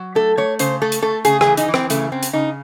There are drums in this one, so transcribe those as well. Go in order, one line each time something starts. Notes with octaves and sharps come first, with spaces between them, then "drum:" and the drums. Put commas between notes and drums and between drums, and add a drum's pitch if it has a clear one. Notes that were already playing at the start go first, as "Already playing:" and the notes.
Already playing: F#3
A3 A4
A3 C#5
C#3 C5, drum: hi-hat
A3 A4
drum: hi-hat
A3 A4
C#3 G#4, drum: hi-hat
G#4, drum: rim click
E3
D#4, drum: hi-hat
E3
C4, drum: rim click
C#3 A3, drum: hi-hat
C#3 C4
drum: hi-hat
C#3 D#4